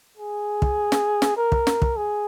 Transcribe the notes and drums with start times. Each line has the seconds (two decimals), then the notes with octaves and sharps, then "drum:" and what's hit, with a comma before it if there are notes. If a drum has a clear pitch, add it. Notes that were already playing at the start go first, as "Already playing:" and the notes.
0.17 G#4
0.62 drum: kick
0.92 drum: snare
1.22 drum: snare
1.37 A#4
1.52 drum: kick
1.67 drum: snare
1.82 drum: kick
1.97 G#4